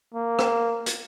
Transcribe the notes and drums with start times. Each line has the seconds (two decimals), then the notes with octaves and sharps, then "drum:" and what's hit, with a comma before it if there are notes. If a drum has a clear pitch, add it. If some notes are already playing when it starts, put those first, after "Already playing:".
0.14 A#3
0.39 drum: rim click
0.86 drum: hi-hat